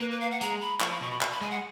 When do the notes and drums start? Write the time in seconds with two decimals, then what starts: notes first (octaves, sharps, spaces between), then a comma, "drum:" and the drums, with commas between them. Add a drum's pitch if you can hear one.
0.01 A#3 B4
0.11 B4
0.21 F5
0.31 F#5
0.41 G#3 A#5, drum: hi-hat
0.61 B5
0.80 F3 C#6, drum: clap
0.91 B5
1.01 B2 C#6
1.11 B5
1.21 C#6, drum: clap
1.31 B5
1.41 G#3 G#5
1.51 F#5